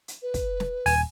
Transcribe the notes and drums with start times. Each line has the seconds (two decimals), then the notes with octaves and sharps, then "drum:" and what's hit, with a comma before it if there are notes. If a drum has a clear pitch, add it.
0.08 drum: hi-hat
0.22 B4
0.34 drum: kick, hi-hat
0.60 drum: snare
0.86 D#1 G#5, drum: open hi-hat